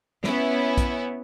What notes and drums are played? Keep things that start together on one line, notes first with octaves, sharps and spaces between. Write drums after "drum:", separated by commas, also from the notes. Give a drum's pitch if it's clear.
B3 C#4 E4, drum: snare
drum: kick, hi-hat